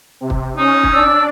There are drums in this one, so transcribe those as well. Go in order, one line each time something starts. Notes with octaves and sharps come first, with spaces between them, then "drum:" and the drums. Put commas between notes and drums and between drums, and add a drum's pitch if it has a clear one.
C3
drum: kick
C#4 D#4
drum: kick
D4 D5 E6